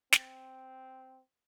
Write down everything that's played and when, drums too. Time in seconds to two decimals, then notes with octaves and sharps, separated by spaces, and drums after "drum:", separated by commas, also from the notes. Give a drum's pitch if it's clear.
0.12 C4, drum: snare